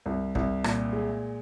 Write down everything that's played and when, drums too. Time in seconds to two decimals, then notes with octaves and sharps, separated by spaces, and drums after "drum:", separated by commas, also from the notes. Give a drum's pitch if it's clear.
0.06 C2
0.35 C2, drum: kick
0.64 A#2, drum: rim click
0.93 G#3